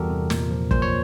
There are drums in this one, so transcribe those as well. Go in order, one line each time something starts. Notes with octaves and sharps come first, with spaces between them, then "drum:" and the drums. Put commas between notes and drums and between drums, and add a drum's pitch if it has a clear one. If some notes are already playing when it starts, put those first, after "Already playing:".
Already playing: E2 E3 G3 F#4 G4 A4 A#4
C3
A#2, drum: snare
F3
A#2 C5, drum: kick
C#5